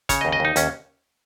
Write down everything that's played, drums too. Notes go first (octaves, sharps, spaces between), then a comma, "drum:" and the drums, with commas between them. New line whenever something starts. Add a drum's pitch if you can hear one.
C#3 C#5, drum: kick, hi-hat
D#5
D#2
D#5
D#2 D#4
D#2 C#4, drum: hi-hat